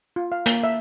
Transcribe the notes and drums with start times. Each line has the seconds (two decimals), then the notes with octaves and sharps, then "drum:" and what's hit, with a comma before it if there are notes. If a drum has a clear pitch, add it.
0.16 F4
0.32 F5
0.46 A#3, drum: hi-hat
0.64 E5